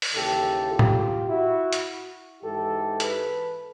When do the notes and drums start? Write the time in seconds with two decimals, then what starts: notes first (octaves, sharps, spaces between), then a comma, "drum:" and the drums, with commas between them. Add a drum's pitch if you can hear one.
0.02 drum: open hi-hat
0.13 D#2 C#3 E3 G4 A4
0.70 F4 G4
0.79 drum: tom
1.28 E4 F#4
1.73 drum: hi-hat
2.42 G#2 E3 G4 A4
3.00 A4 B4, drum: hi-hat